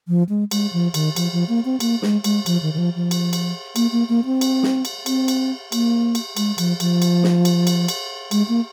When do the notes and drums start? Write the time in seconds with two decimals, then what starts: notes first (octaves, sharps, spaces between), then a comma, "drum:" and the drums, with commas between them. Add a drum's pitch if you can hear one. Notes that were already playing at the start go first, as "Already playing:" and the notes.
0.08 F3
0.29 G#3
0.51 G#3, drum: cymbal
0.73 F3
0.94 D#3, drum: cymbal
1.16 F3, drum: cymbal
1.33 F3
1.49 A#3
1.65 C4
1.80 A#3, drum: cymbal
2.02 G#3, drum: snare
2.24 G#3, drum: cymbal
2.46 F3, drum: cymbal
2.62 D#3
2.74 D#3
2.78 F3
2.95 F3
3.11 drum: cymbal
3.33 drum: cymbal
3.76 A#3, drum: cymbal
3.92 A#3
4.09 A#3
4.25 C4
4.41 drum: cymbal
4.63 drum: snare
4.85 drum: cymbal
5.06 C4, drum: cymbal
5.28 drum: cymbal
5.72 A#3, drum: cymbal
6.15 drum: cymbal
6.37 G#3, drum: cymbal
6.58 F3, drum: cymbal
6.80 F3, drum: cymbal
7.02 drum: cymbal
7.23 drum: snare
7.45 drum: cymbal
7.67 drum: cymbal
7.88 drum: cymbal
8.31 G#3, drum: cymbal
8.49 A#3